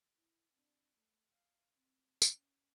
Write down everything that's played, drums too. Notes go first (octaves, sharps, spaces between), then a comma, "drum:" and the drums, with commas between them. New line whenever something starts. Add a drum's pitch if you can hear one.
E4
C4 D4
A3
F5
C4
C#4, drum: tambourine